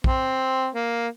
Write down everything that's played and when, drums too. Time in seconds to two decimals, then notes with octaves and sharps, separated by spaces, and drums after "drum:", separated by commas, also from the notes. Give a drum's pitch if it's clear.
0.04 C4, drum: kick
0.75 A#3